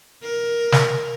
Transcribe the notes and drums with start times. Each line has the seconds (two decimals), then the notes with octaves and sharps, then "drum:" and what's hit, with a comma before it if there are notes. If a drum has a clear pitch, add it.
0.24 A#4
0.72 drum: snare